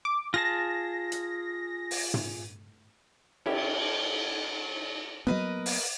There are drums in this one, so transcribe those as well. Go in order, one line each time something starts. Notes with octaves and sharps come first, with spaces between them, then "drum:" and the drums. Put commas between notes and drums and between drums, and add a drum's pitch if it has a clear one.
D6
F4 G#4 A5 A#6
drum: hi-hat
drum: open hi-hat
drum: tom
C#4 E4 G4, drum: cymbal
F#3 A#3 B3 A#4 B4 D#5
drum: open hi-hat